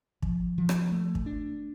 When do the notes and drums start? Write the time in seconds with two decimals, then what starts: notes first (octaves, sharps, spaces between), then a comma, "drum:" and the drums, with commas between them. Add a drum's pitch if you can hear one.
0.22 F3, drum: kick
0.58 F3
0.69 drum: rim click
0.92 A3
1.15 drum: kick
1.26 D4